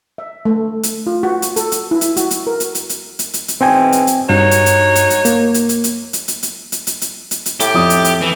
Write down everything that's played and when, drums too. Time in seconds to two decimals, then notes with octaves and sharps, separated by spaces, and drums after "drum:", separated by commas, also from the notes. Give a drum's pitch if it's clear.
0.18 E5
0.45 A3
0.83 drum: hi-hat
1.07 F4
1.23 F#4
1.42 drum: hi-hat
1.56 A4, drum: hi-hat
1.72 drum: hi-hat
1.91 E4
2.01 drum: hi-hat
2.17 F#4, drum: hi-hat
2.31 drum: hi-hat
2.47 A#4
2.60 drum: hi-hat
2.75 drum: hi-hat
2.89 drum: hi-hat
3.19 drum: hi-hat
3.34 drum: hi-hat
3.48 drum: hi-hat
3.61 G#2 B2 E3 C4 G5 G#5
3.92 drum: hi-hat
4.07 drum: hi-hat
4.30 G2 D#4 F#4 C#5
4.51 drum: hi-hat
4.66 drum: hi-hat
4.95 drum: hi-hat
5.10 drum: hi-hat
5.25 A#3, drum: hi-hat
5.54 drum: hi-hat
5.69 drum: hi-hat
5.84 drum: hi-hat
6.13 drum: hi-hat
6.28 drum: hi-hat
6.43 drum: hi-hat
6.72 drum: hi-hat
6.87 drum: hi-hat
7.01 drum: hi-hat
7.31 drum: hi-hat
7.46 drum: hi-hat
7.60 A2 G4, drum: hi-hat
7.74 F2 D#6
7.90 drum: hi-hat
8.05 drum: hi-hat
8.22 E3